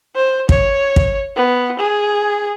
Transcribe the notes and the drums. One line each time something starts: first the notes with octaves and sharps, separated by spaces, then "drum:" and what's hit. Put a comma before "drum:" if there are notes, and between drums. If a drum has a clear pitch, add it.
C5
C#5, drum: kick
drum: kick
B3
G#4